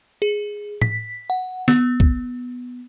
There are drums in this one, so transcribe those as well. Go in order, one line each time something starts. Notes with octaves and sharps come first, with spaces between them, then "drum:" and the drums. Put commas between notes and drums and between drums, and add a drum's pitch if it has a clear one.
G#4
B6, drum: tom A2
F#5
B3, drum: snare
drum: kick B1